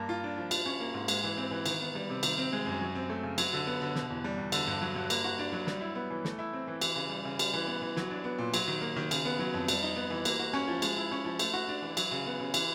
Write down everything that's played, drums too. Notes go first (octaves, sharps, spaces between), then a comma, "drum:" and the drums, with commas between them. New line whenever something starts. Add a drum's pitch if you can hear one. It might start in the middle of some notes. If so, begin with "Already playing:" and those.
Already playing: G2 A#3
F4
D4
F3
F3, drum: cymbal
C#4
A#3
G#2
G#3, drum: cymbal
E3
C4
E3
D#3, drum: cymbal
B3
G3
C3
D#3, drum: cymbal
C4
G#3
F#2
F#3
C4
A3
C#3
F#3, drum: cymbal
D3
B3
D3
B2, drum: snare
E2
G3
E2
D3, drum: cymbal
G2
F#3
G2
A#3, drum: cymbal
F#4
D4
F#3
G3, drum: snare
E4
B3
E3
A3, drum: snare
E4
C4
E3
E3, drum: cymbal
C#3
G3
C#3
G3, drum: cymbal
E3
B3
E3
F#3, drum: snare
D4
B3
A#2
F#3, drum: cymbal
D#3
A#3
D#3
C#3, drum: cymbal
B3
F#3
F2
G3, drum: cymbal
D#4
B3
E3
A#3, drum: cymbal
F#4
C#4
F3
G#3, drum: cymbal
E4
C#4
F3
A3, drum: cymbal
F#4
D4
E3
F#3, drum: cymbal
C#3
B3
C#3
E3, drum: cymbal